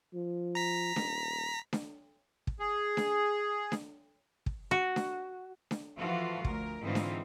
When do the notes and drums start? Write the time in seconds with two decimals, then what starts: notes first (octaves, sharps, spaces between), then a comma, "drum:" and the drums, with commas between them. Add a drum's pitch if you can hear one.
0.14 F3
0.55 A#5 B6
0.96 D#1, drum: snare D4
1.73 drum: snare D4
2.47 drum: kick
2.60 G#4
2.97 drum: snare D4
3.72 drum: snare D4
4.46 drum: kick
4.71 F#4
4.96 drum: snare D4
5.71 drum: snare D4
6.00 E3 F3 F4 F#4 A4
6.45 D2 A#4, drum: kick
6.83 G#2 D3 E3 C4 D#4 F4
6.95 drum: snare D4